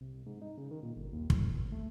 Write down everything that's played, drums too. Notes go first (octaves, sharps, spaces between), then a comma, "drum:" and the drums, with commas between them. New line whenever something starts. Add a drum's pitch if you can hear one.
C2
G#2
D#4
C#3
D#3
A#2
G1
D#2
A2, drum: kick
G#1
A3